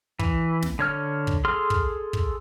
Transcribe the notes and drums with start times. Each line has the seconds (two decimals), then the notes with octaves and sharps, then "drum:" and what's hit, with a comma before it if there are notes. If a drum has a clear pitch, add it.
0.19 E3, drum: kick
0.63 drum: snare
0.79 D3 C#5 F6
1.27 drum: kick
1.45 G#4 A4 C6 F6
1.70 drum: kick
2.13 drum: kick